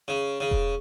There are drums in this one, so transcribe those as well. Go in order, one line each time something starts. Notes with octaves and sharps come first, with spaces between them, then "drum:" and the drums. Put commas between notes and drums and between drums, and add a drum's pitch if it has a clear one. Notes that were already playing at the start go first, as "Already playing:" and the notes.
C#3
C#3
drum: kick E1